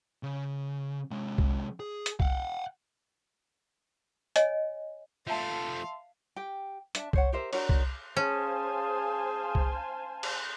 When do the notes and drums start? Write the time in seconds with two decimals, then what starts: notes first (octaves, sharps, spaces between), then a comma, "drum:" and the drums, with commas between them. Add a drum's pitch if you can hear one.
0.23 C#3
1.11 C3 G#3
1.38 drum: kick C2
1.80 G#4
2.06 drum: hi-hat
2.20 F5 F#5, drum: kick C2
4.36 C#5 D#5 G#5, drum: hi-hat
5.27 F3 A3 E5 F5 A5 C6
6.36 G4 G5
6.95 D4 E5 A5, drum: hi-hat
7.13 C5 C#5 F#5, drum: kick C2
7.32 G4 A#4 C5 E5
7.53 D4 F#4 A#4 C#5, drum: cymbal
7.69 drum: kick C2
8.17 C#4 G#4 C5 F5 G#5 A5
9.55 drum: kick C2
10.23 drum: cymbal